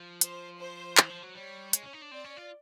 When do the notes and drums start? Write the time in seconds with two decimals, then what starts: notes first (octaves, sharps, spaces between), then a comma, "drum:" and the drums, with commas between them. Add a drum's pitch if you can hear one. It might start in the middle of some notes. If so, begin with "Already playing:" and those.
Already playing: F3
0.21 C5, drum: hi-hat
0.59 C5
0.98 E3, drum: clap
1.10 F3
1.23 F#3
1.35 G3 C#5
1.73 G#3, drum: hi-hat
1.83 C#4
1.93 D#4
2.02 D4
2.12 C4 D5
2.24 C#4
2.37 F4